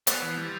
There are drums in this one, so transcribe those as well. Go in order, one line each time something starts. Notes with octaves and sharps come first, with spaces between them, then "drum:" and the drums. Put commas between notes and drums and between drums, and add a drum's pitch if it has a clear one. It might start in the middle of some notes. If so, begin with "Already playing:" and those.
F3 B3, drum: hi-hat
E3
G3